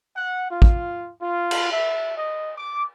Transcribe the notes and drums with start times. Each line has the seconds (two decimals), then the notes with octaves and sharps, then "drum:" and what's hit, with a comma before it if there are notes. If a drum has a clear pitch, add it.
0.17 F#5
0.51 F4
0.62 drum: kick
1.22 F4
1.51 drum: cymbal
1.72 E5
2.18 D#5
2.57 D6